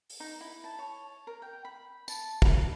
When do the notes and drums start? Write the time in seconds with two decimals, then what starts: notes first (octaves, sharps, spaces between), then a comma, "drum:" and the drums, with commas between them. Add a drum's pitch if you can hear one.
0.09 drum: open hi-hat
0.20 D#4
0.41 E4
0.64 A5
0.79 C#5
1.27 A#4
1.42 G5
1.65 B5
2.08 A5, drum: tambourine
2.42 B5, drum: kick